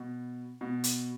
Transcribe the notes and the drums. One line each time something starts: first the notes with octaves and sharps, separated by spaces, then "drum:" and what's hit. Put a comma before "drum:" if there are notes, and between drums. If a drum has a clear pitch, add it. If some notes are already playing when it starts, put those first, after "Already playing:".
Already playing: B2
B2
drum: hi-hat